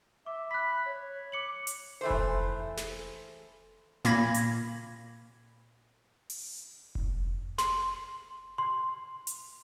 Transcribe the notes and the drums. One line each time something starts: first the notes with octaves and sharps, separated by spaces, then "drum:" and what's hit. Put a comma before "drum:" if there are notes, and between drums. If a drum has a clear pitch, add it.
E5 D6
B5 F#6 B6
C#5
D6 C#7 F#7
drum: hi-hat
E3 A3 C5
drum: kick F1
drum: snare
A#2 A#3 B5 G#6 A#6, drum: snare
drum: hi-hat
drum: open hi-hat
drum: kick F1
C6, drum: snare
C6
drum: hi-hat